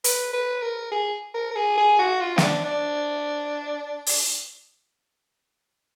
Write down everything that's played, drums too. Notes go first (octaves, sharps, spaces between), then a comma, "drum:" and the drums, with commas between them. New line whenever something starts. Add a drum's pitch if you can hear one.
B4, drum: hi-hat
B4
A#4
G#4
A#4
A#4
G#4
G#4
F#4
F4
B3, drum: snare
D4
D4
drum: open hi-hat